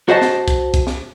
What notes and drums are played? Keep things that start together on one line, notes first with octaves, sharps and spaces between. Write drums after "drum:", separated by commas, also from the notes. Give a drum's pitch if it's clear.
F#4 C5 D#5 A5
drum: snare
drum: kick, hi-hat
drum: kick, hi-hat
drum: snare